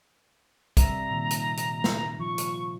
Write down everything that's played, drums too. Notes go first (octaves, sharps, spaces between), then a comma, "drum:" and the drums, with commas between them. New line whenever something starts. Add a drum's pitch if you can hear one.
C3 G3 E5 A#5, drum: kick, hi-hat
A#2 D#3
drum: hi-hat
drum: hi-hat
drum: snare
F3 C#6
drum: hi-hat